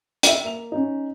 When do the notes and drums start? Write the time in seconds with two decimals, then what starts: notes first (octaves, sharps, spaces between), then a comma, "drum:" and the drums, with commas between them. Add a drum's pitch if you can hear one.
0.23 E5 G5, drum: hi-hat
0.44 A#3 F7
0.72 C#4 D#4